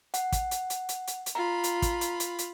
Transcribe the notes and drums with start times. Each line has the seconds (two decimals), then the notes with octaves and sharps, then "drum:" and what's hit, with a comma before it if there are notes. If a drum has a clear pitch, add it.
0.14 F#5, drum: hi-hat
0.32 drum: kick, hi-hat
0.51 drum: hi-hat
0.70 drum: hi-hat
0.89 drum: hi-hat
1.07 drum: hi-hat
1.26 drum: hi-hat
1.35 F4 A#5 B5
1.64 drum: hi-hat
1.82 drum: kick, hi-hat
2.01 drum: hi-hat
2.20 drum: hi-hat
2.39 drum: hi-hat